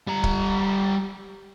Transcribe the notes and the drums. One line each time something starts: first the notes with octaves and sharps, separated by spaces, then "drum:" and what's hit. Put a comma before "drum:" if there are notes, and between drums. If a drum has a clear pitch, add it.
G3 A#5
drum: kick